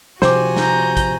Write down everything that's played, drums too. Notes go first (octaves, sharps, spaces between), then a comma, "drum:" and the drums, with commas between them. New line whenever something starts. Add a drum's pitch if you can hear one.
C3 F3 F#4 C5 G#5 D6, drum: snare
A#5 G6, drum: snare
drum: kick, hi-hat